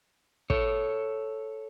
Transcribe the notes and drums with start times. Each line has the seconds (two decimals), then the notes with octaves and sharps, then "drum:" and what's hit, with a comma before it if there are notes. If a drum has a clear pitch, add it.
0.50 A4 C#5, drum: kick